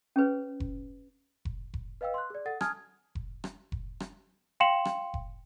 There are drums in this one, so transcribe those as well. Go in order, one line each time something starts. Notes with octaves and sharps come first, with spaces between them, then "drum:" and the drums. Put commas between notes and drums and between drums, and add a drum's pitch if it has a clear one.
C#4 G#4 B4 C#5
drum: kick F1
drum: kick F1
drum: kick F1
B4 D#5 F5 G5 E6
C6 F#6
G#4 D5
A4 F#5 A6
G#5 A5 D#6 F6 G#6, drum: rim click
drum: kick F1
drum: rim click
drum: kick F1
drum: rim click
F5 G5 C6 C#7 E7 F#7
drum: rim click
drum: kick F1